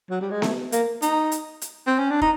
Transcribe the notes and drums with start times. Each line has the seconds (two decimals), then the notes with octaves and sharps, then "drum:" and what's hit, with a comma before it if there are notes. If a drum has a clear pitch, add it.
0.10 F#3
0.21 G3
0.31 G#3
0.42 A3, drum: snare B3
0.72 A#3, drum: hi-hat
1.02 D#4, drum: hi-hat
1.32 drum: hi-hat
1.62 drum: hi-hat
1.87 C4
1.99 C#4
2.10 D4
2.21 D#4, drum: kick